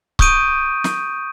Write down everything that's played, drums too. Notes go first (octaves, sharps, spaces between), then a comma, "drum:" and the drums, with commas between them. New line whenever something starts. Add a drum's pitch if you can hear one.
C#6 D#6 G6 D7 D#7, drum: kick C#1
drum: snare